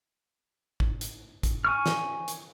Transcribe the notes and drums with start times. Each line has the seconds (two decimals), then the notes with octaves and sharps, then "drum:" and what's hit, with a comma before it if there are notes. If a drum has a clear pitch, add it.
0.80 drum: kick
1.01 drum: hi-hat
1.43 drum: kick, hi-hat
1.65 G#5 C#6 F6
1.86 drum: snare
2.28 drum: hi-hat